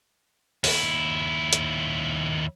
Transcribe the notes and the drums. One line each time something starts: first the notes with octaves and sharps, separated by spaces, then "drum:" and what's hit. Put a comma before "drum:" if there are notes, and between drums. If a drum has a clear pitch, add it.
D#2 E4, drum: open hi-hat
drum: hi-hat